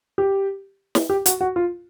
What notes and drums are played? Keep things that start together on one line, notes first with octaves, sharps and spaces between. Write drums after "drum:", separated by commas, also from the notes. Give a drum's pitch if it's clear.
G4
drum: snare
G4
F#4, drum: hi-hat
F#4
F4